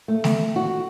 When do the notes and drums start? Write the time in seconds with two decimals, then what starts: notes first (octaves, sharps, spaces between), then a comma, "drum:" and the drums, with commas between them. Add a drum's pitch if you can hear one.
0.08 A3
0.24 drum: snare
0.56 F#4